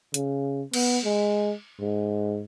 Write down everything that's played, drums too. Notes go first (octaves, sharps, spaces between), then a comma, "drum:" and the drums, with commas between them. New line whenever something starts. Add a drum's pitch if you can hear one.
C#3, drum: hi-hat
B3, drum: cymbal
G#3
G#2